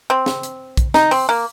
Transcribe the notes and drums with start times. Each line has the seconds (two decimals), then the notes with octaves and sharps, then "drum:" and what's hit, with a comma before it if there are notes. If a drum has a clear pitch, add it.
0.10 C4
0.26 drum: snare
0.43 drum: hi-hat
0.77 drum: kick, hi-hat
0.94 D#4, drum: snare
1.11 C4, drum: open hi-hat
1.29 A#3